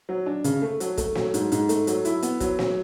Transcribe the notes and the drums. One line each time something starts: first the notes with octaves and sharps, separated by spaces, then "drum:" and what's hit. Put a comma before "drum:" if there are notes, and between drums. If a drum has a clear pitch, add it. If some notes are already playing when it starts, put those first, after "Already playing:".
F#3
D4
C#3, drum: hi-hat
A3
F#3, drum: hi-hat
A3, drum: kick, hi-hat
F#3, drum: snare
G#2, drum: hi-hat
G#2, drum: hi-hat
A3, drum: hi-hat
F#3, drum: hi-hat
E4, drum: hi-hat
B3, drum: hi-hat
F#3, drum: kick, hi-hat
F#3, drum: snare